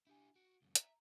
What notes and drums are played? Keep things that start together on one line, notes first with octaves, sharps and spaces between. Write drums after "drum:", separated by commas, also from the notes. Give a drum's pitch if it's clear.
D4 E4 G4 G#5
F#4 D7
C#2 F#2
E5 A#5, drum: hi-hat